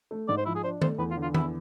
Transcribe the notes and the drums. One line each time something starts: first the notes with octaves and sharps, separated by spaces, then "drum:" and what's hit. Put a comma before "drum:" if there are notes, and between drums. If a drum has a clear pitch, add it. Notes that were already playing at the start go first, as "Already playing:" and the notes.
A3
G#2 D5
C5
F3 E4
G#4
D4 C5
A3 C5, drum: tom D#3
E2 B4
F4
D3
F4
E2 E4, drum: tom D#3